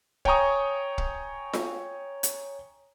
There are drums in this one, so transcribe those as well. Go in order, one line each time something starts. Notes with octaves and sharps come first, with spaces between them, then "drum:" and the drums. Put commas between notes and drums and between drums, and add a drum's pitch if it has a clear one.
C#5 G5 G#5 A#5 C#6 D#6, drum: kick
drum: kick
drum: snare F4
drum: hi-hat